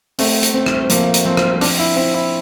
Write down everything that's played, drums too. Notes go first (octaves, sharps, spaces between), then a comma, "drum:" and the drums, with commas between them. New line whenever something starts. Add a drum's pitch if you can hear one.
A3 C4, drum: open hi-hat
drum: hi-hat
C4
drum: rim click
F3 A#3, drum: hi-hat
drum: hi-hat
F3 C4
drum: rim click
C4 D4, drum: open hi-hat
E4
C4 E4
E4